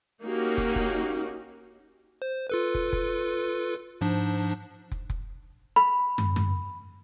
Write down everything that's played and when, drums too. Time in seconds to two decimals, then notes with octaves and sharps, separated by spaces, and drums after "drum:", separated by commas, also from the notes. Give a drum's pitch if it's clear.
0.23 A#3 C#4 D#4 F#4 G4
0.58 drum: kick
0.76 drum: kick
2.22 C5
2.50 F4 A4 B4
2.75 drum: kick
2.93 drum: kick
4.01 G#2 F3 D4
4.92 drum: kick
5.10 drum: kick
5.76 B5
6.18 drum: tom
6.36 drum: tom